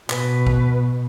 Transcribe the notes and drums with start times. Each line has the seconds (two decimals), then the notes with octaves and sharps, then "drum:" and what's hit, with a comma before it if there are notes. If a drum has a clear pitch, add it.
0.10 B2 B4, drum: clap
0.47 drum: kick